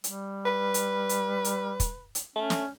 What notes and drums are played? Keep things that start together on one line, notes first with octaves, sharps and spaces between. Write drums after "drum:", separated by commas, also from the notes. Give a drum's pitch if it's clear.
G3, drum: hi-hat
B4
drum: hi-hat
drum: hi-hat
drum: hi-hat
drum: kick, hi-hat
drum: hi-hat
A3 C#4
drum: snare